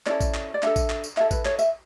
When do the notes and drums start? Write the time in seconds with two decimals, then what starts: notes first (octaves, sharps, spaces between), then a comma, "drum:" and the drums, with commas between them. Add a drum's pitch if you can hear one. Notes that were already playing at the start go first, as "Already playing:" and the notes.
0.06 C#4 E4 A4 D5, drum: clap
0.21 drum: kick A1, tambourine
0.34 drum: clap
0.54 D5
0.63 D4 A4 E5, drum: clap
0.76 drum: kick A1, tambourine
0.90 drum: clap
1.04 drum: tambourine
1.17 E4 A4 E5, drum: clap
1.31 B4, drum: kick A1, tambourine
1.45 C#5, drum: clap
1.59 E5, drum: tambourine